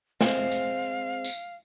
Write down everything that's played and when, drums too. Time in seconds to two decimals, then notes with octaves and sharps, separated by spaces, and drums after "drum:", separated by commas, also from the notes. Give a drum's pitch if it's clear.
0.21 G#3 C4 C5 F5, drum: snare
0.51 drum: hi-hat
1.25 drum: tambourine